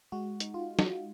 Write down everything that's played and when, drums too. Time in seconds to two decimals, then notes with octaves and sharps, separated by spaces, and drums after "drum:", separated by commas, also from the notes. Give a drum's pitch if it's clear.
0.12 G#3 F#4
0.40 D#4, drum: hi-hat
0.54 F4
0.79 drum: snare